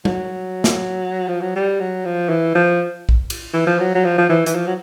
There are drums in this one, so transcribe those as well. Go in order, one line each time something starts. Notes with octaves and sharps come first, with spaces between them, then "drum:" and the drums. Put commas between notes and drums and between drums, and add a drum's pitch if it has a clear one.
F#3, drum: tom G3
drum: snare
F3
F#3
G3
F#3
F3
E3
F3
drum: kick A#1
drum: cymbal
E3
F3
F#3
F#3
F3
F3
E3
E3, drum: hi-hat
F3
F#3